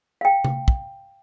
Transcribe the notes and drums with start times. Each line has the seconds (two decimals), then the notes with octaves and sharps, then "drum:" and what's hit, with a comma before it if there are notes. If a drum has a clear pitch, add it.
0.21 F5 G5
0.44 drum: tom C3
0.68 drum: kick